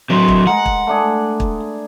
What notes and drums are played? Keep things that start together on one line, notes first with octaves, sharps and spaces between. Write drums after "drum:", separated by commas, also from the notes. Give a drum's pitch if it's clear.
F#3 C4 B4 B5 C6
drum: kick
G#3 A#4 F#5
drum: kick
A3 D4 G#4
drum: kick